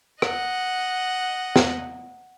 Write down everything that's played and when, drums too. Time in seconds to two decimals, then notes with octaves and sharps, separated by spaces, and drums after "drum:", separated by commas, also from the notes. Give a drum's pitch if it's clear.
0.22 D#5 F#5, drum: rim click
1.56 drum: snare